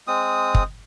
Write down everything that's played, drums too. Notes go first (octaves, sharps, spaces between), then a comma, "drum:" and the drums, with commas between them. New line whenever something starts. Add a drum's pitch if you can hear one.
G#3 C4 D#6
drum: kick